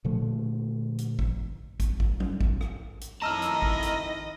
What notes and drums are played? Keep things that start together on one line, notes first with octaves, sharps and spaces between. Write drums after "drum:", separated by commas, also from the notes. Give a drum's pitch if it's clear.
A#2 D3 F3 A3
drum: hi-hat
drum: kick
drum: kick, hi-hat
drum: kick
drum: tom
drum: kick
drum: rim click
drum: hi-hat
F2 D#3 E4 D#5 A5 A#5 E6 F6
drum: hi-hat
drum: kick
drum: hi-hat